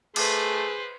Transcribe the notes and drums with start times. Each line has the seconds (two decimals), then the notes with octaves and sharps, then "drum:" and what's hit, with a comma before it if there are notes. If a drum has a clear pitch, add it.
0.16 A3 G#4 B4 C5, drum: cymbal